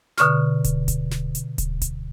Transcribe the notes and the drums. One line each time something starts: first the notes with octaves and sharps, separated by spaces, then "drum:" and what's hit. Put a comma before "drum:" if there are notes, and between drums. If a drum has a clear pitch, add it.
B2 D3 C#6 F6, drum: snare
drum: kick D1, hi-hat
drum: kick D1, hi-hat
drum: snare
drum: hi-hat
drum: kick D1, hi-hat
drum: kick D1, hi-hat